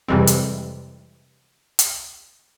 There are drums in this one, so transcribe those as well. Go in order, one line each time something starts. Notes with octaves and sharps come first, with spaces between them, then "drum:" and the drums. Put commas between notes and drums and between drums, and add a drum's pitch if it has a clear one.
F2 C3 E3 G3 G#3 C4
drum: hi-hat
drum: hi-hat